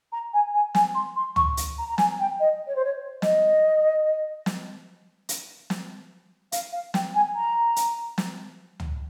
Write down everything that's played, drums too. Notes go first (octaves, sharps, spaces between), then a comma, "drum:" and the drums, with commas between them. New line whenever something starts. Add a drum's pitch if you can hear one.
A#5
G#5
G#5
G#5, drum: snare
C6
C6
C#6, drum: tom
drum: hi-hat
A#5
A#5
G#5, drum: snare
G5
D#5
C#5
C5
C#5
D#5, drum: snare
drum: snare
drum: hi-hat
drum: snare
F5, drum: hi-hat
F5
G5, drum: snare
G#5
A#5
drum: hi-hat
drum: snare
drum: tom